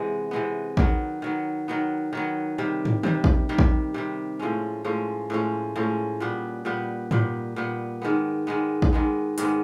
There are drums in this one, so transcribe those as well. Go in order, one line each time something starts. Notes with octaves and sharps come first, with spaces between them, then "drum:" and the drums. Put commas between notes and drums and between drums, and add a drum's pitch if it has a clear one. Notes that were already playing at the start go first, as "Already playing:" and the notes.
Already playing: C3 E3 G#3 B3
C3 E3 G#3 B3
D#3 F#3 B3, drum: kick
D#3 F#3 B3
D#3 F#3 B3
D#3 F#3 B3
C3 D#3 G3
drum: tom
C3 D#3 G3, drum: tom D#3
drum: kick
C3 D#3 G3
drum: kick
C3 D#3 G3
A2 F3 G#3 C#4
A2 F3 G#3 C#4
A2 F3 G#3 C#4
A2 F3 G#3 C#4
A#2 G3 B3
A#2 G3 B3
A#2 G3 B3, drum: tom G#2
A#2 G3 B3
G#2 D#3 G#3 B3
G#2 D#3 G#3 B3
drum: kick
G#2 D#3 G#3 B3
G#2 D#3 G#3 B3, drum: hi-hat